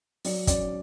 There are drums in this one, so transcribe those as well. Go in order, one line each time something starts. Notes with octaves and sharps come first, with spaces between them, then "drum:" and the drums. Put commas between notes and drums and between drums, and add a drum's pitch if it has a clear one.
F#3 D5, drum: open hi-hat
C#4 D5, drum: kick, hi-hat